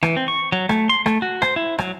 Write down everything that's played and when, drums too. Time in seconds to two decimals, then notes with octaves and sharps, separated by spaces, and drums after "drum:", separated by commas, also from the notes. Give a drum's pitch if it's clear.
0.03 E3, drum: rim click
0.17 C4
0.28 C#6
0.52 F#3
0.69 A3, drum: rim click
0.89 C6
1.06 A3, drum: rim click
1.22 F#4
1.42 C5, drum: rim click
1.56 E4
1.78 F#3, drum: rim click